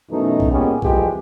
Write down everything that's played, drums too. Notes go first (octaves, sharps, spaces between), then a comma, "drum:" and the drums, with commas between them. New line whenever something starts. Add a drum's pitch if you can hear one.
F#2 B2 E3 A3 D#4
drum: kick
A#2 G#3 A#3 B3 C#4 G4
C2 F2 E3 F3 G#3 G4, drum: kick